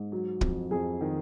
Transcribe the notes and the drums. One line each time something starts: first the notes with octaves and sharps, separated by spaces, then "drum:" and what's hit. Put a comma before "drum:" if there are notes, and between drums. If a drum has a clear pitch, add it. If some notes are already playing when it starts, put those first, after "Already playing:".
Already playing: G#2
F#3
F2, drum: kick
F2 G#4
D#3